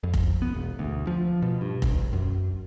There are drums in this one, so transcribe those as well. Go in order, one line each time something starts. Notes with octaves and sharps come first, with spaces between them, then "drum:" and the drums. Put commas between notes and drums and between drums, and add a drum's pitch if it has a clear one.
F2
drum: kick F1
B3
E1
D2
F3
B2
G2
E1, drum: kick F1
F#2